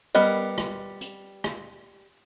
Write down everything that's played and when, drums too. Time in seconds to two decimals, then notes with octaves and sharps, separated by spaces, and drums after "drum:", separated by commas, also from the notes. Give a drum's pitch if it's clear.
0.15 G3 B3 A#4 D#5, drum: hi-hat
0.58 drum: rim click
1.01 drum: hi-hat
1.44 drum: rim click